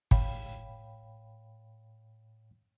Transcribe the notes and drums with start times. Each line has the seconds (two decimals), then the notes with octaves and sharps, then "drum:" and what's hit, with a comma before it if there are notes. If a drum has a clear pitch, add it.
0.11 A2 C#5 F5 G5 B5, drum: kick G#1